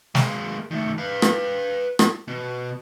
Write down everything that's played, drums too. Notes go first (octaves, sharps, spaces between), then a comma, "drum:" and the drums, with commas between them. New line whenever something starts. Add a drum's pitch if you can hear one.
G#3 A#3, drum: snare
D#3 A3
B4 F5
drum: rim click
drum: rim click
B2